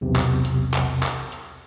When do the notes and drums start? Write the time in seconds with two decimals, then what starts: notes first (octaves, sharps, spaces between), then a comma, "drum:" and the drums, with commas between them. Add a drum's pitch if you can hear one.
0.01 B1 E2 C3
0.16 drum: clap
0.45 drum: hi-hat
0.74 drum: clap
1.03 drum: clap
1.32 drum: hi-hat